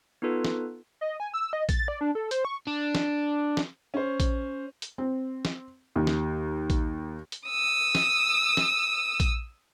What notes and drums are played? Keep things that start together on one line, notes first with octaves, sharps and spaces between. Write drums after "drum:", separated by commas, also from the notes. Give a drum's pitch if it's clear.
B3 D#4 F4 A4 B4
drum: snare
D#5
G#5
E6
D#5
A6, drum: kick A#1, hi-hat
D5
D4
A4
C5, drum: hi-hat
C#6
D4
drum: snare
drum: snare
C#4 C5
drum: kick A#1, hi-hat
drum: hi-hat
C4
drum: snare
D#2
drum: snare
drum: kick A#1, hi-hat
drum: hi-hat
D#6 E6
drum: snare
drum: snare
drum: kick A#1, hi-hat